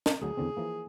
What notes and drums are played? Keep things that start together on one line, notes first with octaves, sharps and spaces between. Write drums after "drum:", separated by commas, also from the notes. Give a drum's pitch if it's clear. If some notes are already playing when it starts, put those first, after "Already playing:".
drum: snare
D2 F#3 G#4
E2 D3 C4
E3 F3 A#3